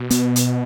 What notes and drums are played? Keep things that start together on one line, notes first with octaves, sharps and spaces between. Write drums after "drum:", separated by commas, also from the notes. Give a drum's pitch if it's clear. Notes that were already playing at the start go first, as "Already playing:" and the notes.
Already playing: B2
B3, drum: hi-hat
drum: hi-hat